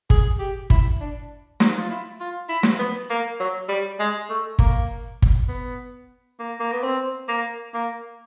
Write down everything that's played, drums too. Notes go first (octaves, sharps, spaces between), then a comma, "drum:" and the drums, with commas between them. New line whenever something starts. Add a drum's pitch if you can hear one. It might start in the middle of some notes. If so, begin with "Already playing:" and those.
G#4, drum: kick G1
G4
E4, drum: kick G1
D4
D#4, drum: snare
F4
E4
F4
E4
drum: snare
B3
A#3
F#3
G3
G#3
A3
A#3, drum: kick G1
drum: kick G1
B3
A#3
A#3
B3
C4
A#3
A#3